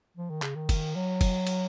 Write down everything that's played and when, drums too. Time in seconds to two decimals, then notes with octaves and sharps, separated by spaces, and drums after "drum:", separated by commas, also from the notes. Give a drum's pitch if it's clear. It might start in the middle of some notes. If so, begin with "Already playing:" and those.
0.17 F3
0.30 D#3
0.42 C#3, drum: clap
0.55 D#3
0.69 drum: kick, cymbal
0.95 F#3
1.21 drum: kick, cymbal
1.47 drum: cymbal